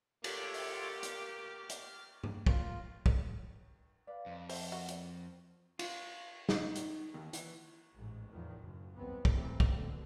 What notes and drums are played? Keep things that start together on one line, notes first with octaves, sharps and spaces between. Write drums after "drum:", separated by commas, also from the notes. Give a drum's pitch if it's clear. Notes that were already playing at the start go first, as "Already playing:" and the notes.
A#3 F4 G4 A4 C#5, drum: cymbal
drum: open hi-hat
F6, drum: hi-hat
drum: hi-hat
drum: tom G2
A#3 F4, drum: kick
drum: kick
B4 D5 F5
F2
A4 C5, drum: open hi-hat
F#4 A#4
drum: hi-hat
F4, drum: cymbal
D#4, drum: snare
drum: hi-hat
D#2
E3, drum: hi-hat
A1 G#2
E2 A2 D#3 F3
F#1
B1 E2 G2 B3 C4
E2 C3 E3 A3 A#3 C4, drum: kick
drum: kick
C2 B2 D3